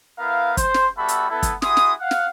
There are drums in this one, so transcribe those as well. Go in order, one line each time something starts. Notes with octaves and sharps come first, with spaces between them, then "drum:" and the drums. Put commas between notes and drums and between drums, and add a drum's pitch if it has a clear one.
B3 E4 A#4 F5
C5, drum: kick, hi-hat
drum: snare
G3 B3 F#4 A4 E5 B5
drum: hi-hat
B3 E4 A4
drum: kick, hi-hat
E4 F#4 G#4 C6 D#6, drum: snare
drum: snare
F5 F#5
drum: snare